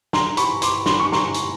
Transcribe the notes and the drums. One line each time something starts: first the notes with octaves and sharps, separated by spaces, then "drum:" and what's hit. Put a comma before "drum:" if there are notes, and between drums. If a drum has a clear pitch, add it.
A#5 C6, drum: snare
B5 C#6, drum: hi-hat
C6 D6, drum: hi-hat
C6, drum: snare
C#6
A#5 C6, drum: snare
drum: hi-hat